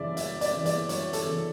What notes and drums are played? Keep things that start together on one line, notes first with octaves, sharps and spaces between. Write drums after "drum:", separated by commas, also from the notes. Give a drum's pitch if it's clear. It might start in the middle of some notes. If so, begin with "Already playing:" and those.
Already playing: F#2 C#3 E3 D5 E5
F#2 E5, drum: hi-hat
D5, drum: hi-hat
C#3 E3
D5, drum: hi-hat
F#2 C#5, drum: hi-hat
A4, drum: hi-hat
C#3 E3